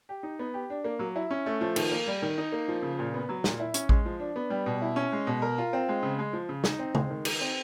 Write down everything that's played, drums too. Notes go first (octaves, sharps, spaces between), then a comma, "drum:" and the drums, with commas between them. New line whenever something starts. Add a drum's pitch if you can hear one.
G4
D#4
B3
G4
D4
A#3
F#3
E4
C#4
A3
F3
D#3, drum: cymbal
A#3
G3
D#3
D#4
A#3
F3
C#3
A#2
B3
F#3
A#2, drum: snare
E4
C#4, drum: hi-hat
G#3, drum: kick A1
F3
D4
B3
G3
B2
E4
C#4
G#3
B2
A#4
F4
C4
G#3
C#3
G#3
F3
C#3
D#4, drum: snare
C4
G#3, drum: tom C#3
D#3
D#4, drum: cymbal
C4